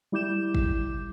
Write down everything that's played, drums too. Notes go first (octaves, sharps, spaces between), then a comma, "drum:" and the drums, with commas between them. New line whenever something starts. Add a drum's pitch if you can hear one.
G3 E4 D6 G6 E7
drum: kick